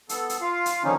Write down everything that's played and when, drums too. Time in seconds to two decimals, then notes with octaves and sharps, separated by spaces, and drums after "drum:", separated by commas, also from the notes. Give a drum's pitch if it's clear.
0.09 B3 A4, drum: hi-hat
0.29 drum: hi-hat
0.41 F4 F5
0.66 drum: hi-hat
0.84 D3 D#3 F3 A#3 C#4 D#4